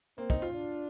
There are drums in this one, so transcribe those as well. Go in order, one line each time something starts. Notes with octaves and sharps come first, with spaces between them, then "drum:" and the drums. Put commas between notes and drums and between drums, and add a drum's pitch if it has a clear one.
A#3 C4
D#4, drum: kick
F4
D4